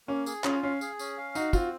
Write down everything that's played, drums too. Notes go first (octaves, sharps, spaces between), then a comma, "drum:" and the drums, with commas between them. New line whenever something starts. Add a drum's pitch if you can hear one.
A#3 C#4
G#4, drum: tambourine
C#4 F4, drum: clap
C#4 F5
G#4, drum: tambourine
C#4, drum: tambourine
F5
D#4 F#4, drum: tambourine
C4 F4, drum: kick, tambourine